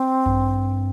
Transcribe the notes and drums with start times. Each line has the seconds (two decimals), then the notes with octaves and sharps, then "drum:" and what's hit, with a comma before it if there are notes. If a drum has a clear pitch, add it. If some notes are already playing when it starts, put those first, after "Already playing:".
Already playing: C4
0.26 G2, drum: kick A1